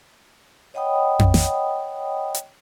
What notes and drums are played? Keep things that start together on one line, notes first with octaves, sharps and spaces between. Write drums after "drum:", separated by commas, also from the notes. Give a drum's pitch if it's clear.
C#5 D#5 F#5 G5 B5 D#6
drum: tom F2
drum: snare
drum: hi-hat